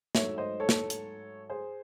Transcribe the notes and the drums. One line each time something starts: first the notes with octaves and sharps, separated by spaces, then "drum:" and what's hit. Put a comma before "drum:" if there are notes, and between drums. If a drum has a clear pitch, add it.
G#2 F#3 A3 C#5 E5, drum: snare
C5 D#5
A4 C#5
drum: snare
drum: hi-hat
G#4 C5